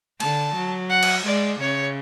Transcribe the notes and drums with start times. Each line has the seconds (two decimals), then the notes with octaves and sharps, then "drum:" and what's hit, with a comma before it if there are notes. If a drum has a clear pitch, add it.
0.20 D3 A5, drum: cymbal
0.55 F#3
0.90 F#5
1.03 drum: cymbal
1.25 G#3 D5
1.60 C#3 C#5